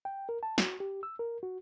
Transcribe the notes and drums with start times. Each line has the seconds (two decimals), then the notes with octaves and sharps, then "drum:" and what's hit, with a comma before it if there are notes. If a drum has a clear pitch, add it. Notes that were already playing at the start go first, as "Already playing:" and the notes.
0.05 G5
0.29 A#4
0.43 A5
0.58 F#4, drum: snare
0.80 G4
1.03 E6
1.19 A#4
1.43 F#4